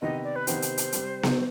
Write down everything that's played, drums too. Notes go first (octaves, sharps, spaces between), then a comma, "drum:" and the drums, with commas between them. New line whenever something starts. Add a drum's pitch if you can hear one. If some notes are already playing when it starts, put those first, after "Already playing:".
C3 D#3 B3 D#4 G4 D#5
D5
B4
C3 D#3 B3 D#4 G4 C5, drum: hi-hat
drum: hi-hat
drum: hi-hat
C3 G3 C4 G4, drum: hi-hat
drum: snare B3